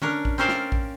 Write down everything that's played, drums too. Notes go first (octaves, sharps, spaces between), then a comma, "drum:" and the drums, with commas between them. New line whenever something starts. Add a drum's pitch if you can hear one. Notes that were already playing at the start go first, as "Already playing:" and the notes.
C#4 D4 A#4, drum: tom D3
drum: kick A1
C4 C#4 A#4 C5 D5 F5
drum: snare
drum: kick A1